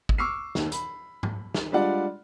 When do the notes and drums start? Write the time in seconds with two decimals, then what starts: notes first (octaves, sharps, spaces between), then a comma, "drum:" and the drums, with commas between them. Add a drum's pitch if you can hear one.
0.09 drum: kick
0.18 C#6 D6 E6 F6 C7
0.55 D#2, drum: snare
0.72 B5, drum: hi-hat
1.23 drum: tom G#2
1.54 drum: snare
1.72 G3 G#3 D4 F4 D5 F#5